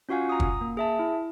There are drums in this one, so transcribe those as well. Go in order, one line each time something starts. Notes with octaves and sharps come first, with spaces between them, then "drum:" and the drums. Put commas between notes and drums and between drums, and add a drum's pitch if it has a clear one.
C#4 F4 F#4 F5 F#5 G#5
A#5 D#6
drum: kick
A#3
G#4 E5 A5
E4